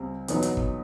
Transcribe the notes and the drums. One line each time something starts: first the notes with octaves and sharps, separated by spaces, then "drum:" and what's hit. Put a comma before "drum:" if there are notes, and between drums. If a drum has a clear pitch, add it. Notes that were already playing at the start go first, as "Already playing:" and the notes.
Already playing: C#2 G3 C4
E2 B2 F#3 B3 D#4, drum: hi-hat
drum: hi-hat
drum: kick